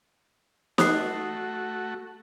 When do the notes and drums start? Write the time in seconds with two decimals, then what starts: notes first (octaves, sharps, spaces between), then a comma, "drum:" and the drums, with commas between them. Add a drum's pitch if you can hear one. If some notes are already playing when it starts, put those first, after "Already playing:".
0.78 A3 F#4 D#6 F#6 C7, drum: snare